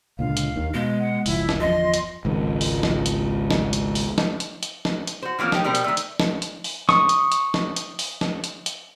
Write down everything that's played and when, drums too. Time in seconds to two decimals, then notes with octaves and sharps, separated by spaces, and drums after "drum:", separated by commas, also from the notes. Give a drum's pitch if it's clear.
0.19 C#2 A#2 D3 F5
0.37 drum: hi-hat
0.56 D#2 D#3
0.74 B2 G#3
1.00 F#5
1.26 F#1 C#2 F3 E4, drum: open hi-hat
1.49 drum: snare
1.60 G1 E2 F3 D#5 C6
1.94 drum: hi-hat
2.25 G#1 C#2 D#3
2.61 drum: open hi-hat
2.83 drum: snare
3.06 drum: hi-hat
3.51 drum: snare
3.73 drum: hi-hat
3.95 drum: open hi-hat
4.18 drum: snare
4.40 drum: hi-hat
4.63 drum: hi-hat
4.85 drum: snare
5.07 drum: hi-hat
5.22 F#4 C5
5.39 E3 F3 A3 A#3 C#4
5.52 D#4 G4 C#5, drum: snare
5.64 B2 G3 A#4 C5
5.75 drum: hi-hat
5.84 D#3 A3
5.97 drum: hi-hat
6.20 drum: snare
6.42 drum: hi-hat
6.64 drum: open hi-hat
6.89 C#6 D#6, drum: snare
7.09 drum: hi-hat
7.32 drum: hi-hat
7.54 drum: snare
7.76 drum: hi-hat
7.99 drum: open hi-hat
8.21 drum: snare
8.44 drum: hi-hat
8.66 drum: hi-hat